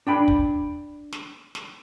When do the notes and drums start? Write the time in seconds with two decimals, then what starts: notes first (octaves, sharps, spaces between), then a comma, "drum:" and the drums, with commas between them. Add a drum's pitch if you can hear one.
0.07 D4 G5 B5
0.28 drum: kick
1.12 drum: snare
1.55 drum: snare